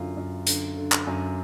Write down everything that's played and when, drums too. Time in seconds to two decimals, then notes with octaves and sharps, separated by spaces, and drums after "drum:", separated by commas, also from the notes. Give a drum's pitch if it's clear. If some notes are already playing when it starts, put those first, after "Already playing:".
Already playing: F#2 D3 F4
0.17 F#2
0.47 D3, drum: hi-hat
0.77 D3
0.92 drum: clap
1.07 F#2